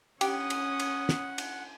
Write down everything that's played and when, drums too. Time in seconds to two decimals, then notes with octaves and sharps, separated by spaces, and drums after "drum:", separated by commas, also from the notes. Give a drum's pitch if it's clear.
0.21 C#4 G4 F#5 D#6, drum: cymbal
0.50 drum: cymbal
0.80 drum: cymbal
1.09 drum: snare
1.38 drum: cymbal